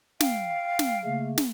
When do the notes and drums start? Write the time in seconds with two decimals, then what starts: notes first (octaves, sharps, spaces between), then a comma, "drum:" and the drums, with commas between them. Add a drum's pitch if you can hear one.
0.20 F5 G5, drum: snare
0.79 drum: snare
1.05 C#3 A3 A#3
1.38 drum: snare